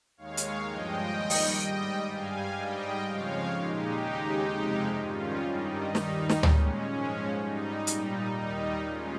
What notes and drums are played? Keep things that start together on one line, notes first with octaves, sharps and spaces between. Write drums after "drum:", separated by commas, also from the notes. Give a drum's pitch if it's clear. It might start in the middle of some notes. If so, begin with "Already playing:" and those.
D#2 D#3 G#3 C#5 F5
drum: hi-hat
G2 F3 G#3 D#5 G5
D#2 D#3 G3
drum: open hi-hat
G#2 G3
G2 G3 F5 G#5
G#2 G3 D#5 G5
F2 C#3 F3 G#3 C#5 F5
A#2 G#3 D#4 G4
D#2 C#3 G#3
F2 C3 F3 G#3
G#2 D#3 G3 C#4 F4
G2 D#3 G3 D#4
D#2 D#3 G3 D#4, drum: snare
drum: snare
A#2 G#3 C#4, drum: tom D2
G#2 F3 G#3
G#2 G3 D#4
A#2 G3 D#4, drum: hi-hat
D#2 D#3 G3 D#4
A#2 G#3 C#4 F4